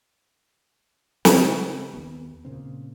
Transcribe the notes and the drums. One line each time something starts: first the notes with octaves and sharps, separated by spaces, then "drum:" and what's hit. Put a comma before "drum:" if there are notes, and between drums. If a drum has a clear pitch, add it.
C#3, drum: snare
D#2 B3
A#2 C#3 C4